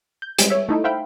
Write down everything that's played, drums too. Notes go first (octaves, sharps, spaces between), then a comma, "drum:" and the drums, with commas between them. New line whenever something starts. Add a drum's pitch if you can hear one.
G6
G3 G#3, drum: hi-hat
C#5 E5
A3 D#4 E4 A4
C5 E5 F5 G5 B5